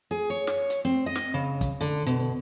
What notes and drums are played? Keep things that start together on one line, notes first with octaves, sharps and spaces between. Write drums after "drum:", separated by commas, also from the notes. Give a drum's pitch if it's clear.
G#4
C#5
drum: snare
drum: hi-hat
C4
D#5
drum: snare
C#3
drum: kick, hi-hat
D3
B2, drum: hi-hat